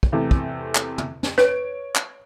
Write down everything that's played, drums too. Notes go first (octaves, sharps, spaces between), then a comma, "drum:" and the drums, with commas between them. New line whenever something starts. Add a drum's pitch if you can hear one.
drum: kick
E2 C3 A3
drum: kick
drum: clap
drum: tom
drum: snare
B4 C#5 D7, drum: snare
drum: clap